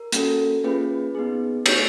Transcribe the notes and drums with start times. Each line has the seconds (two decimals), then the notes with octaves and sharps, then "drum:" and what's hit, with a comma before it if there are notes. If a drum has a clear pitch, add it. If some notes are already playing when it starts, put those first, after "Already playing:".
Already playing: A#4
0.12 A#3 C#4 F#4 A4, drum: hi-hat
0.64 A#3 C#4 F4 G#4 B4
1.15 B3 D#4 G#4
1.66 A3 D4 G4 C#5, drum: cymbal